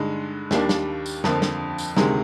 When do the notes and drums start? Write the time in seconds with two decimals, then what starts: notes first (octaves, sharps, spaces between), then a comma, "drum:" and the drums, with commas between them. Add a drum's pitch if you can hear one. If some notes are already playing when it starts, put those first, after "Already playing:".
Already playing: G2 D3 G#3 D#4
0.51 D#2 D#3 G3 A#3 D4, drum: snare
0.69 drum: snare
1.06 drum: tambourine
1.24 F2 D3 F3 A#3, drum: snare
1.42 drum: snare
1.78 drum: tambourine
1.97 D2 C3 D#3 G#3, drum: snare